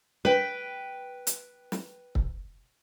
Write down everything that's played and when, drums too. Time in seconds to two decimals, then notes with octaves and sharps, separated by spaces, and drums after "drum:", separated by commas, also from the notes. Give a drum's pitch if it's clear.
0.25 B4 G5
1.27 drum: hi-hat
1.72 drum: snare
2.15 drum: kick